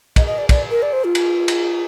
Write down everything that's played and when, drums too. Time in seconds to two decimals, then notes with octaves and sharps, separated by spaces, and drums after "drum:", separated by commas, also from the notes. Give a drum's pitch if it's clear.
0.16 D#5, drum: kick, cymbal
0.27 D#5
0.38 D5
0.49 D5, drum: kick, cymbal
0.71 A#4
0.82 D5
0.93 C5
1.04 F4
1.15 drum: cymbal
1.48 drum: cymbal